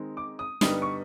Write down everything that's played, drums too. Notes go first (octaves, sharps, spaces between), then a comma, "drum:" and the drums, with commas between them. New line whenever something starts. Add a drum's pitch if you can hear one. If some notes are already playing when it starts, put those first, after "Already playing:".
Already playing: D#3 G#3 C4 D#4
D6
D#6
G2 D3 G3 B3 D#4 D#6, drum: snare
C#6